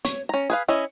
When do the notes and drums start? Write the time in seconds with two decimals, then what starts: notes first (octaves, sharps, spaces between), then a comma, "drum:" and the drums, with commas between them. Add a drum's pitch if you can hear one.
0.05 C#5, drum: hi-hat
0.29 C#4 A#5
0.50 G#4 B4 F5
0.68 C#4 E4 D#5